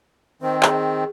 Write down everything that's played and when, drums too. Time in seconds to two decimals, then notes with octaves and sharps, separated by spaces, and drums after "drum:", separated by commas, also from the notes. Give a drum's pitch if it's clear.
0.42 D#3 C4 C5
0.63 G#4, drum: clap